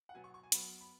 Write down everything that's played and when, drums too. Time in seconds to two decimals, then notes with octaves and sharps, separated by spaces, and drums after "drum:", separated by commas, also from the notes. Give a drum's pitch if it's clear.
0.09 F#5
0.14 B2 F#3 B3 G#5
0.24 C#6
0.34 C#6
0.43 G#5
0.52 F#2 F#3 B3 B5, drum: hi-hat
0.81 B5